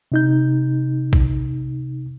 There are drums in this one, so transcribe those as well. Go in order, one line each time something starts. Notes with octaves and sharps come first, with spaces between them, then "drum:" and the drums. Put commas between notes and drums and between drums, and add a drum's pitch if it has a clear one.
C3 D#4 G6
drum: kick A#1